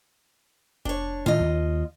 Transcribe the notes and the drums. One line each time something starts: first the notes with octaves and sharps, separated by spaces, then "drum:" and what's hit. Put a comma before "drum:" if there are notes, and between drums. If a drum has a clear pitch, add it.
D4 C#5, drum: kick F1
A2 D#3 A3 F4 D#5
D#2